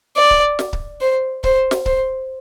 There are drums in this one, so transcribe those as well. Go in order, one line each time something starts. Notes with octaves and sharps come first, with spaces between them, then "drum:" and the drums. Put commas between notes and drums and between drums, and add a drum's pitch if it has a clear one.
D5
drum: kick C#1
drum: snare
drum: kick C#1
C5
C5, drum: kick C#1
drum: snare
C5, drum: kick C#1